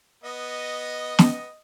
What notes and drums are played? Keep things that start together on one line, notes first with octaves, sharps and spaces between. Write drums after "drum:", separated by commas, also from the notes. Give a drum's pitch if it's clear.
B3 D#5
drum: snare